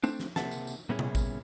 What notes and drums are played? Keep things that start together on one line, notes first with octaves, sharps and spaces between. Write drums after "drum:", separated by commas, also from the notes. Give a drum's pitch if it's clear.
A3 C4 D4, drum: tambourine
drum: snare
C3 A#3 G#4 E5 F#5 A5, drum: snare
drum: tambourine
drum: tambourine
A#2 G3 B3 C#4 E4 G#4
drum: tom C3
drum: kick G#1, tambourine